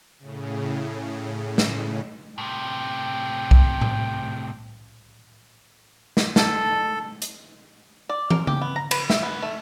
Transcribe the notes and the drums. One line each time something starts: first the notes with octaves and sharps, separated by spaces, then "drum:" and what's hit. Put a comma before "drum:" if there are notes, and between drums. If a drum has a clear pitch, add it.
A2 C#3
drum: snare
A2 C3 G5
drum: kick B1
drum: tom A2
drum: snare
A4, drum: snare
drum: hi-hat
D5
A#4, drum: tom
G4, drum: tom C#3
B3
A#5
B4, drum: cymbal
E5, drum: snare
B3
A3